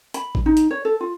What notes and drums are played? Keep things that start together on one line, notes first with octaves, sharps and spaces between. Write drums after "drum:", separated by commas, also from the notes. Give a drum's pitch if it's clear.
B5, drum: hi-hat
drum: kick A1
D#4
drum: hi-hat
C#5
A4
F4